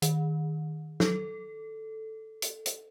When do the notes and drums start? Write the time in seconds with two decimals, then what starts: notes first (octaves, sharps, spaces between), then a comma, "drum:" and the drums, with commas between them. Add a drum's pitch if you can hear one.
0.02 D#3, drum: hi-hat
1.00 A4, drum: snare
2.42 drum: hi-hat
2.66 drum: hi-hat